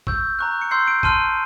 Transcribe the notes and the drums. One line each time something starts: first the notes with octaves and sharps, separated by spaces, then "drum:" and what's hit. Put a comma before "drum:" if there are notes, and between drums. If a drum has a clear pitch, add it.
C#6 E6 G6, drum: kick A1
A#5 C#6 F#6
C#7
C6 E6 G6 C7
D7
A5 C6 F6 D#7, drum: kick A1